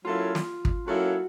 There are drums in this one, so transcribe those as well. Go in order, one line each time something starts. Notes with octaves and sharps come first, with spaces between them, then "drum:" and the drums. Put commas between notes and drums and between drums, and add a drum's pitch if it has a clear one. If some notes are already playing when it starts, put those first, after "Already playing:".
F#3 A#3 C#4 E4 F4 A4
drum: snare
drum: kick
F#3 A#3 C#4 E4 F#4 A4